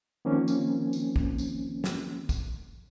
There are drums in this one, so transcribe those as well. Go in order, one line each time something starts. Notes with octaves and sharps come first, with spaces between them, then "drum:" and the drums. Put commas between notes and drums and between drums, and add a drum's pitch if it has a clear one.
D#3 F3 A#3 C4 C#4
drum: tambourine
drum: tambourine
drum: kick
drum: tambourine
drum: snare
drum: kick, tambourine